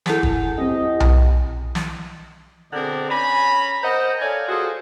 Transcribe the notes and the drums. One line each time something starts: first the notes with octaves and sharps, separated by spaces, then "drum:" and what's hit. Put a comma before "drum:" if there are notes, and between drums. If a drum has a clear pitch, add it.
E4 G#4 A4 F#5 G#5, drum: snare
drum: kick
F2 G3 C4 D#5
drum: tom B1
drum: snare
B2 D3 C4 G#4 A#4 D5
C#4 G#5 A#5 B5
A#4 C5 D#5 F#5 G5 A#5
A4 C#5 D5 F5 G#5
F4 F#4 G#4 A4 C5 D#5